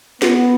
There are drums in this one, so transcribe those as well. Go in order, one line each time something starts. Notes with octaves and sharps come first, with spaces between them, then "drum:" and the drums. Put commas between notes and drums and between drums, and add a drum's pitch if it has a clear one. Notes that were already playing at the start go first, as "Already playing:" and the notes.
B3, drum: snare